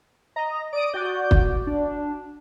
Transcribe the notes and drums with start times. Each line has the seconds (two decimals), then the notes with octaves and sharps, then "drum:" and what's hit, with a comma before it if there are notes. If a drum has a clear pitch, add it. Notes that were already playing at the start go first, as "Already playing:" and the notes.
0.36 D#5 A#5
0.73 D5 D#6 D7
0.94 F#4 D5 G6
1.31 drum: kick
1.67 D4